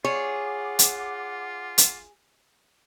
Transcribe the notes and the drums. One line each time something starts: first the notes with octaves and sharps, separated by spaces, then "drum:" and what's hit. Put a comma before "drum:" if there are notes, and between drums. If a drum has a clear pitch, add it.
F4 G#4 C#5 F#5 D6
drum: hi-hat
drum: hi-hat